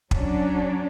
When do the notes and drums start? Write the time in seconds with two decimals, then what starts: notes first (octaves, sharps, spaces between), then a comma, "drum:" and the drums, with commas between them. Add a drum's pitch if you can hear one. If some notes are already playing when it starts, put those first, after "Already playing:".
0.11 F#3 C#4 D4, drum: kick